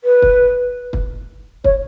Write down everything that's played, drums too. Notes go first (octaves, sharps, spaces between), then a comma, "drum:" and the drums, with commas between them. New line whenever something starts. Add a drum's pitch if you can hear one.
B4
drum: kick
drum: kick
C#5, drum: kick